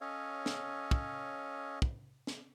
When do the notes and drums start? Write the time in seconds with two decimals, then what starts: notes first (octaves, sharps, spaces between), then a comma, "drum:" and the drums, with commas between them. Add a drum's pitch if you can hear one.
0.01 C#4 A4 C#5 D#5 F5
0.46 drum: snare
0.91 drum: kick
1.82 drum: kick
2.27 drum: snare